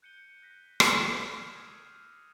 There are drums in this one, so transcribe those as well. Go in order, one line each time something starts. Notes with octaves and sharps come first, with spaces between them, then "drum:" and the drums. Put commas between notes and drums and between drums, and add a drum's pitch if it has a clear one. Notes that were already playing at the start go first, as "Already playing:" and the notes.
F#6 G6 C#7 D#7 G7
F#6 A#6 B6 C#7
drum: rim click
D6 F6 G#6 C7 D#7 F7
D#6 E6 G#6 C#7 E7